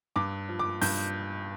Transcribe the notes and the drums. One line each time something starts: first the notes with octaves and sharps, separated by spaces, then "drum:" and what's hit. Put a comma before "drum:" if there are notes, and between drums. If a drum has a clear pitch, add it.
G2 D6
F3
D6
G2 G6, drum: open hi-hat